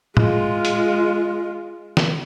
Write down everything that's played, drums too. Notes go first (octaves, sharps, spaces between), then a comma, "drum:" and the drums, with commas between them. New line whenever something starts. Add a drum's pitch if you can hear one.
G#3 F4, drum: tom A2
drum: hi-hat
drum: snare